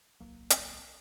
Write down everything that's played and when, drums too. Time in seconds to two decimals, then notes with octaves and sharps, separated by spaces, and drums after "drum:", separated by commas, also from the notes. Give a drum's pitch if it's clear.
0.20 D1 B1 F#3 A#3
0.50 drum: hi-hat